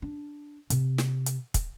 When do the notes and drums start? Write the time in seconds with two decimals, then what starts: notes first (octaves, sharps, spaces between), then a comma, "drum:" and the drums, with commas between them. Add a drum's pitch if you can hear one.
0.02 D4
0.70 C3, drum: hi-hat
0.98 drum: snare
1.26 drum: hi-hat
1.54 drum: kick, hi-hat